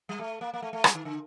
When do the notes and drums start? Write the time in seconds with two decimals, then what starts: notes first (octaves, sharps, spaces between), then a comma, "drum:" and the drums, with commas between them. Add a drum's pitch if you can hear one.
0.09 G3
0.20 A3
0.41 A#3
0.54 A#3
0.62 A3
0.73 A3
0.84 G3, drum: rim click
0.95 D#3
1.05 D3